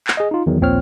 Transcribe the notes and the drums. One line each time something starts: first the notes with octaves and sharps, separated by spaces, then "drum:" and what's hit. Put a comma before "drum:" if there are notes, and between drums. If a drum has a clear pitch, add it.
drum: clap
G#4 D#5
D#4 F4
E2 D#3 F#3
A#1 D#2 A#2 C4 C#5 F6